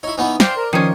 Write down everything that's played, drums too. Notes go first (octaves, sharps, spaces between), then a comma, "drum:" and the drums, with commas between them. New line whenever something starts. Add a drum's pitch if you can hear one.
D#4 E4 C#5
E3 B3 C#4 D#4
D4 C5 F5 G5 C6, drum: snare
A#4
D#3 F3 C#4 C6 D#6